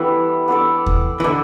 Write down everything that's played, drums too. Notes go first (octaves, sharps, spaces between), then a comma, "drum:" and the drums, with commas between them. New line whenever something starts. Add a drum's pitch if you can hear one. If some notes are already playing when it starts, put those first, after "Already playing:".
Already playing: E3 G3 B3 D4 A4
B3 D4 A4 D5
drum: kick D#2
E3
D3 D4 A4